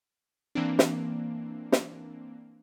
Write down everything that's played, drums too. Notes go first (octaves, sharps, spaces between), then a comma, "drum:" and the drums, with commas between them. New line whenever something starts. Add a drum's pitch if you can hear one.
E3 A#3 C4 D4
drum: snare
drum: snare